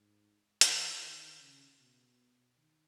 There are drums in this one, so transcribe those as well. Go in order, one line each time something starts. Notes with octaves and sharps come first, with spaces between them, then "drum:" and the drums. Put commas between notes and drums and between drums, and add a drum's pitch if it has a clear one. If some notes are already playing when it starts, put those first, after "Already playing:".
Already playing: G#2
E3, drum: hi-hat
D#3
C#3
B2
D#3